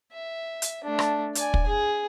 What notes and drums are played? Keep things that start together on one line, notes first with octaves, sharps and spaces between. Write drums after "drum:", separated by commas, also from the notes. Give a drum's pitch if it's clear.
E5
drum: hi-hat
A3 D4
drum: rim click
D5 G#5, drum: hi-hat
drum: kick
G#4